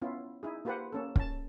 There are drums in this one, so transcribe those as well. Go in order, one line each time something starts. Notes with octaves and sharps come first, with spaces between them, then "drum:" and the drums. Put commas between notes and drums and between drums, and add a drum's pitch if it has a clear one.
B3 C#4 E4 F4
D#4 E4 G#4
A#3 F4 G4 B4 C5 F#5
A#3 C#4 A4
C#4 A5, drum: kick